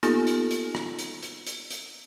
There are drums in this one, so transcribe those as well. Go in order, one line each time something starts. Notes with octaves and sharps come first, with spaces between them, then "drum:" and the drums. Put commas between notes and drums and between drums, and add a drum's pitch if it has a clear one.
A#3 B3 D#4 F4 G4 A4, drum: hi-hat
drum: hi-hat
drum: hi-hat
drum: rim click
drum: hi-hat
drum: hi-hat
drum: hi-hat
drum: hi-hat